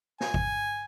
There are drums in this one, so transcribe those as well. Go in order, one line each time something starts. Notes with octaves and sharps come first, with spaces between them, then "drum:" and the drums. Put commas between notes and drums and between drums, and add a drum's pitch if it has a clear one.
G#5, drum: snare
drum: kick G#1